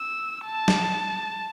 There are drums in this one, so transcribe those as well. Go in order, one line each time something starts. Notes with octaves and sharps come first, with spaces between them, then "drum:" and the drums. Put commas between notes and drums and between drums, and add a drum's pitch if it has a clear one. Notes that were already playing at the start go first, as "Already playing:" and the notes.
Already playing: E6
A5
drum: snare